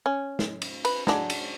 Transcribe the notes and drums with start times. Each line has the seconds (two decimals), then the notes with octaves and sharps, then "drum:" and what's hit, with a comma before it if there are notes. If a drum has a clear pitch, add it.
0.06 C#4
0.39 drum: snare
0.62 drum: cymbal
0.85 B4, drum: cymbal
1.07 F#3 G#3 D4, drum: snare
1.30 drum: cymbal